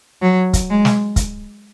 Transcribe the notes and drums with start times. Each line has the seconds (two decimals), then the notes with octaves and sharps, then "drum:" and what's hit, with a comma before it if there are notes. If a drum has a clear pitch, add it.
0.22 F#3
0.53 drum: kick, hi-hat
0.70 G#3
0.85 drum: snare
1.16 drum: kick, hi-hat